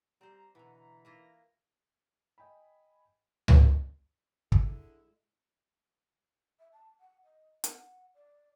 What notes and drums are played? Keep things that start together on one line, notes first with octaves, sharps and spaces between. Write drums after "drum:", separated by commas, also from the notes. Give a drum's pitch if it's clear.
G3 C4 C5 A#5
B2 D3 E3
A#3 E4 F4 A#6
D#5 G5 G#5 B5
drum: tom C#2
D3 G#3 E4, drum: kick
E5
A5
F#5
D#5
F#5, drum: hi-hat
D5